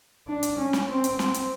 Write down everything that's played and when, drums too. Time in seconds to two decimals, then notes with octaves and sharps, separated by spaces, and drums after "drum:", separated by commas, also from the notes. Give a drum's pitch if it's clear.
0.28 D4
0.43 drum: hi-hat
0.59 C#4
0.73 drum: snare
0.89 C4
1.04 drum: hi-hat
1.19 C4, drum: snare
1.34 drum: hi-hat